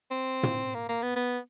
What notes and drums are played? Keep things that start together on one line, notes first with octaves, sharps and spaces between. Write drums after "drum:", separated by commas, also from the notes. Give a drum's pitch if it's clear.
C4
drum: tom
A#3
A#3
B3
B3